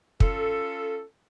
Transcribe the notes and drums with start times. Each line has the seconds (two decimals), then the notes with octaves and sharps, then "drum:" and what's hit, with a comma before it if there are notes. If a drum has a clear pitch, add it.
0.20 C#4 F4 A4, drum: kick